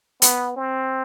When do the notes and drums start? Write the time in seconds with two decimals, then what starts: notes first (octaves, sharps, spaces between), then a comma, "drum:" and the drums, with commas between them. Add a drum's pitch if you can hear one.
0.22 B3, drum: hi-hat
0.56 C4